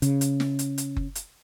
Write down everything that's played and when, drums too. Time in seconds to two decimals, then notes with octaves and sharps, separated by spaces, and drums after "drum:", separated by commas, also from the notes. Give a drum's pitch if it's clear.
0.02 C#3, drum: hi-hat
0.21 drum: hi-hat
0.40 drum: snare
0.59 drum: hi-hat
0.78 drum: hi-hat
0.97 drum: kick F#1
1.15 drum: hi-hat